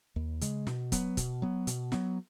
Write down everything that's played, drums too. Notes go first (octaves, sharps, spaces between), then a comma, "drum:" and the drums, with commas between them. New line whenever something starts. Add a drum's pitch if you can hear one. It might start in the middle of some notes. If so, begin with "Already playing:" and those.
D#2
C#3 G#3, drum: hi-hat
B2, drum: snare
F#3 B3, drum: kick C#1, hi-hat
B2, drum: kick C#1, hi-hat
F#3 B3
B2, drum: hi-hat
F#3 B3, drum: snare